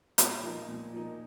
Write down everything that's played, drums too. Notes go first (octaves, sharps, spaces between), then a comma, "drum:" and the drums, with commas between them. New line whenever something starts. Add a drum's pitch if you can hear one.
A#2, drum: hi-hat
F3 A#3 D#4
A#2
F3 A#3 D#4